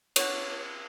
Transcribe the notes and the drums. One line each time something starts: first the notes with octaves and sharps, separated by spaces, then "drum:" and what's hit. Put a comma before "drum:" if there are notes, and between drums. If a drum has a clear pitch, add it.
B3 C#5, drum: cymbal